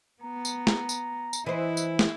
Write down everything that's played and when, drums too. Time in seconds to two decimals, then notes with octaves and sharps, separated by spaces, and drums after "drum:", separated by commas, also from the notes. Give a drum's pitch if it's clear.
0.23 B3 A#5
0.45 drum: tambourine
0.67 drum: snare
0.89 drum: tambourine
1.33 drum: tambourine
1.46 E3 E4 C5 D#5
1.77 drum: tambourine
1.99 drum: snare